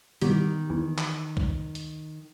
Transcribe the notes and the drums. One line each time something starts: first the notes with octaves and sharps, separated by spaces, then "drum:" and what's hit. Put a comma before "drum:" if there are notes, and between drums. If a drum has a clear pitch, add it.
B2 D#3 E3 G3, drum: hi-hat
E2 E3
drum: clap
drum: kick
drum: hi-hat